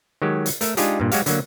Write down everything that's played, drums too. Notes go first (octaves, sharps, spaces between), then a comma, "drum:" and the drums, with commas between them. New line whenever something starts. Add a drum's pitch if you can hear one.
D#3 F#3 G#3 G4
drum: hi-hat
A3 A#4 E5, drum: hi-hat
G#3 D4 D#4 F4 G4 G#4, drum: hi-hat
G2 A#2
F#3 G#3 F#4 G4 F5, drum: hi-hat
D3 F#3 A#3, drum: hi-hat